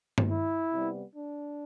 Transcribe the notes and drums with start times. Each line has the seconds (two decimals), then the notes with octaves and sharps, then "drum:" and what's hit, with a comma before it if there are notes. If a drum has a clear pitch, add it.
0.18 drum: tom G2
0.30 E4
0.73 C3 G3 B3
1.15 D4